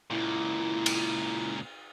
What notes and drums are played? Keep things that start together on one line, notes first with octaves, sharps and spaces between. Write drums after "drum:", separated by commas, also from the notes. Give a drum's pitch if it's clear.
C#2 A#2 E4
drum: cymbal